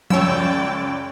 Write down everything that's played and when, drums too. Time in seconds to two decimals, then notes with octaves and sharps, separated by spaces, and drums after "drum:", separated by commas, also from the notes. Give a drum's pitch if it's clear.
0.10 C#2 F#2 C#5 D5 G5 G#5 E6, drum: tom F3